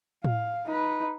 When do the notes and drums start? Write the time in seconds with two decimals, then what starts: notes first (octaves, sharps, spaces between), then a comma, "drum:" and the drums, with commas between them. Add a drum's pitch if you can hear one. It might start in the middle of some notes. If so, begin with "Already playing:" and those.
0.24 F5, drum: tom A2
0.66 D#4 B4